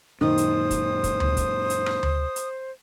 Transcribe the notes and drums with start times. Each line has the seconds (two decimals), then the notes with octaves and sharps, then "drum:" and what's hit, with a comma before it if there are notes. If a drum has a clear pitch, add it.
0.21 F#2 A#2 D#3 C5 D#6
0.38 drum: hi-hat
0.71 drum: kick, hi-hat
1.04 drum: kick, hi-hat
1.20 drum: tom D2
1.37 drum: kick, hi-hat
1.70 drum: hi-hat
1.86 drum: rim click
2.03 drum: tom D2
2.36 drum: hi-hat